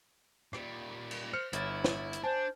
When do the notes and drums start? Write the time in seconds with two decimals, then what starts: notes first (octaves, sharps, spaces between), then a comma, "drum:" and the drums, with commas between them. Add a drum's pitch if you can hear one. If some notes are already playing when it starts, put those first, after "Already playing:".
0.53 A#2 G3, drum: rim click
1.11 drum: cymbal
1.33 C5 F6 C#7
1.53 G1 E4 C#5 A6, drum: hi-hat
1.84 drum: snare
2.13 drum: hi-hat
2.24 D4 C5 G#5 A5